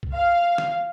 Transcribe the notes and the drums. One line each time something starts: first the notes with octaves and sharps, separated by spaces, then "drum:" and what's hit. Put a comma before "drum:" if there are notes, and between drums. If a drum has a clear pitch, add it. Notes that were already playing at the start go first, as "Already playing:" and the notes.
drum: kick
F5
drum: snare